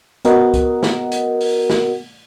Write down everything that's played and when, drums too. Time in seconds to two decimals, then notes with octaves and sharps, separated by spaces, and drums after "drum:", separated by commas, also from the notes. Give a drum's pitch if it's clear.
0.25 B3 F#4 A#4 D#5 F#5, drum: hi-hat
0.54 drum: kick, hi-hat
0.83 drum: snare
1.12 drum: hi-hat
1.41 drum: open hi-hat
1.70 drum: snare